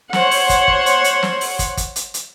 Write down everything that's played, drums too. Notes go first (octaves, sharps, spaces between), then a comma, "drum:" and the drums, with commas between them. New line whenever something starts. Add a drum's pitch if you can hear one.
C5 C#5 F#5, drum: snare
drum: open hi-hat
drum: kick, hi-hat
drum: kick
drum: hi-hat
drum: hi-hat
drum: snare
drum: open hi-hat
drum: kick, hi-hat
drum: kick, hi-hat
drum: hi-hat
drum: hi-hat